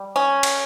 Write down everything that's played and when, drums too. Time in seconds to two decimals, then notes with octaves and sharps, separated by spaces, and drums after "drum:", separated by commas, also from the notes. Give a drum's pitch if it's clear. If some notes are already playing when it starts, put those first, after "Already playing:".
Already playing: G3
0.16 C#4
0.43 drum: cymbal